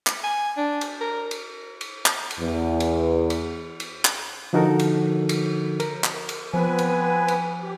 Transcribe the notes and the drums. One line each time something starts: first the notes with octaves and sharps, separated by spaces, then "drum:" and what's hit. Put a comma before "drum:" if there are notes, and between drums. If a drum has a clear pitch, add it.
drum: clap
G#5
D4
drum: cymbal
A#4
drum: cymbal
drum: cymbal
drum: clap
drum: cymbal
E2
drum: cymbal
drum: cymbal
drum: cymbal
drum: clap
D3 F3 D#4 F#4 A4 A#4
drum: cymbal
drum: cymbal
A#4, drum: cymbal
drum: clap
drum: cymbal
F3 B3 C4 B4 G#5
drum: cymbal
drum: cymbal
G4